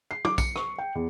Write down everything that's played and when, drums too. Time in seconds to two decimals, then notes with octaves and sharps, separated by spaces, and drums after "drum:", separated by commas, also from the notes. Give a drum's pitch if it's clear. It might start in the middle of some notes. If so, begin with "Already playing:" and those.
0.11 C7
0.25 D6, drum: tom
0.38 C#7, drum: kick, tambourine
0.56 C#6, drum: rim click
0.78 G5
0.95 E2